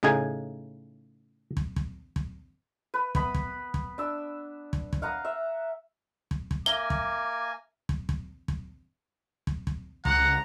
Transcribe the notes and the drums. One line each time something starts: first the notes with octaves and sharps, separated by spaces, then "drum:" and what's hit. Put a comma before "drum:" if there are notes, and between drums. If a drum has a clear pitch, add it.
A2 C#3 D#4 G#4 G#5
drum: kick
drum: kick
drum: kick
B4
B3 B5, drum: kick
drum: kick
drum: kick
D4 E6
drum: kick
drum: kick
F5 F#5 A#5 D#6
E5
drum: kick
drum: kick
A#3 A#4 E5 G#5 D6 G7
drum: kick
drum: kick
drum: kick
drum: kick
drum: kick
drum: kick
C#2 F#5 A#5, drum: kick